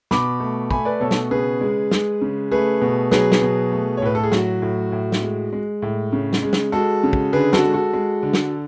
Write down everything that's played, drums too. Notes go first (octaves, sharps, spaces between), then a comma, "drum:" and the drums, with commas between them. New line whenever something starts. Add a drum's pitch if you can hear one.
B2 B5 D6, drum: snare
A3
A3 G#5 B5, drum: kick
B4 D5
B2 A4 C#5
drum: snare
C#3 G#4 B4
G#3
G#3, drum: snare
C#3
A3 G#4 B4
B2
F#3 G#4 B4, drum: snare
drum: snare
B2
A3
C#5
A2 B4
A4
G#4
F#3 F#4, drum: snare
A2
A2
drum: snare
G#3
G#3
A2
C#3
drum: snare
G#3
drum: snare
G#3 F#4 A4
C#3
drum: kick
D3 G#4 B4
F#4 A4, drum: snare
G#3
F#4 A4
G#3
D3
drum: snare